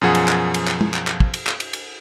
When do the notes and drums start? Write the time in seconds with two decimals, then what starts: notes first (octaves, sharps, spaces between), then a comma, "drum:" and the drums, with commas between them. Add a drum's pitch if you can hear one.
0.01 F#2 B2 F3 G#4 F#5
0.15 drum: cymbal
0.28 drum: clap
0.54 drum: cymbal
0.68 drum: clap
0.81 drum: tom
0.94 drum: clap
1.07 drum: clap
1.20 drum: kick
1.34 drum: cymbal
1.47 drum: clap
1.60 drum: cymbal
1.73 drum: cymbal